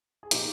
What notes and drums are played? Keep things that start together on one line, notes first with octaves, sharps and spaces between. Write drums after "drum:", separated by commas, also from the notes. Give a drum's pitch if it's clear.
G#4
A#2 F3 D#4 G4, drum: hi-hat